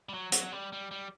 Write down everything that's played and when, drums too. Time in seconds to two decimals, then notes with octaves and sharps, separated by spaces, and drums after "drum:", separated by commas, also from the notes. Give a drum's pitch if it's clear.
0.09 G3
0.14 F#3
0.32 F#3, drum: hi-hat
0.52 G3
0.73 G3
0.91 G3